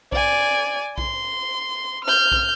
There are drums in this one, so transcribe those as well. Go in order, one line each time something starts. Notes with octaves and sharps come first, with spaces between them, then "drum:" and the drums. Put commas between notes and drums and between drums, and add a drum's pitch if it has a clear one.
D5 G#5, drum: kick A#1
C6, drum: kick A#1
F6 G6
drum: kick A#1